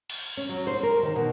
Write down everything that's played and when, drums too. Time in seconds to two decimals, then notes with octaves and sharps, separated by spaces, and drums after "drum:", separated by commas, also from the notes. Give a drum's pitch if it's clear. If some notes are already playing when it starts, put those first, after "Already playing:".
0.10 drum: cymbal
0.37 C#4
0.49 F#3
0.67 C5
0.83 A#4
1.03 D#3
1.16 B2